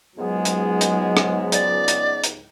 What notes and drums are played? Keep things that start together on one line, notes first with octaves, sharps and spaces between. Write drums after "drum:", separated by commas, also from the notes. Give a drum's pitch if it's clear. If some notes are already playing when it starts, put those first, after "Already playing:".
C#2 G#2 F#3 G#3 B3
drum: hi-hat
drum: hi-hat
drum: rim click
D5, drum: hi-hat
drum: hi-hat
drum: hi-hat